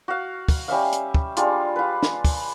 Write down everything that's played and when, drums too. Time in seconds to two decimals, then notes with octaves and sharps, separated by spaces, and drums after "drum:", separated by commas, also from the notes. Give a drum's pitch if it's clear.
0.08 F#4 F5
0.48 drum: kick, open hi-hat
0.68 G3 C#4 E5 F5
0.92 drum: hi-hat
1.14 drum: kick
1.37 G3 G#3 D4 F4, drum: hi-hat
1.76 F4 B4
2.03 drum: snare
2.25 drum: kick, open hi-hat